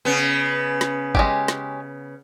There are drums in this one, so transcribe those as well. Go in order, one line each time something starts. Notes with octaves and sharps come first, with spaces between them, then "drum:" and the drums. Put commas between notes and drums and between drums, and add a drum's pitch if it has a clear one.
C#3 B3
drum: snare
G#3 C#4 G4, drum: kick
drum: snare